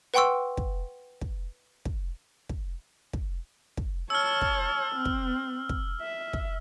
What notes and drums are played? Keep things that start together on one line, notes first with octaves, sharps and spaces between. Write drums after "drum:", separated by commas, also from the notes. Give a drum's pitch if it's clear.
B4 F#5 G5 C6 C#6 E6
drum: kick
drum: kick
drum: kick
drum: kick
drum: kick
drum: kick
C#5 A5 E6 F6
drum: kick
C4
drum: kick
drum: kick
E5
drum: kick